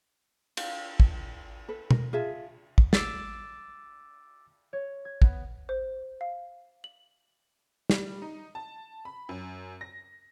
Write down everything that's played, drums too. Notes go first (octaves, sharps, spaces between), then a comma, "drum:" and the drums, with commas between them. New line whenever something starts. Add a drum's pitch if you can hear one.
F5, drum: cymbal
drum: kick
A4 B4
A#4, drum: tom
F4 G#4 E5 A5
drum: kick
D6 E6 A6, drum: snare
C#5
G#6
B3, drum: kick
C5
F5
F#7
G3, drum: snare
D#4
A5
B5
F#2
A#6